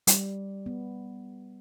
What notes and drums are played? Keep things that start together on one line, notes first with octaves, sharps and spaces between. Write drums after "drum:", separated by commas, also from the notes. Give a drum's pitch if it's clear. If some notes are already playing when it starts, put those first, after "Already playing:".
G3, drum: hi-hat
B3